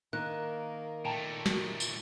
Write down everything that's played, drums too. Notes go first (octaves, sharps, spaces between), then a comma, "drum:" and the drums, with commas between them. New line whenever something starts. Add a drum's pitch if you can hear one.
D#3 A#3 F#6
A#2 A3 G5 A5 A#5
drum: snare
drum: tambourine